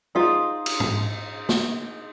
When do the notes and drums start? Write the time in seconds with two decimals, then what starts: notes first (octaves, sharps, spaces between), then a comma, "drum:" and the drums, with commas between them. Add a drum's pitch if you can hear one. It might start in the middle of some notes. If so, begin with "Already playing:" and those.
0.15 D#4 F4 G#4 C5
0.66 drum: cymbal
0.80 drum: tom G#2
1.49 drum: snare